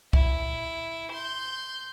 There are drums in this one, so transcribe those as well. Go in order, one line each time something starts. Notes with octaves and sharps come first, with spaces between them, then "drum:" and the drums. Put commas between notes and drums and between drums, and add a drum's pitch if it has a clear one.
E4, drum: kick C2
C6 G6